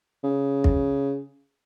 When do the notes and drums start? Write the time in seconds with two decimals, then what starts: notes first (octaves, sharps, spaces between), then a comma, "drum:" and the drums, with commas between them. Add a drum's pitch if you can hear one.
0.24 C#3
0.64 drum: kick